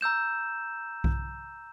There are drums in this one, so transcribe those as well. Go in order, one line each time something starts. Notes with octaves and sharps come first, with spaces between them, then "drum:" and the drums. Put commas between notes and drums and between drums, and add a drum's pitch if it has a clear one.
A#5 E6 G6 E7
drum: kick B1